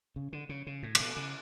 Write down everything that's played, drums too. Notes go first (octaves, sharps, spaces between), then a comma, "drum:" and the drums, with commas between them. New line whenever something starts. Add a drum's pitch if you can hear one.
C#3
D3
C#3
C#3
A2
C#3, drum: cymbal
B2
C#3